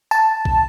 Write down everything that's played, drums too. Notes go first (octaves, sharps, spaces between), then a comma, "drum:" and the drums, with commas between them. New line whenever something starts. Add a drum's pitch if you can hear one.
A5, drum: tambourine
drum: kick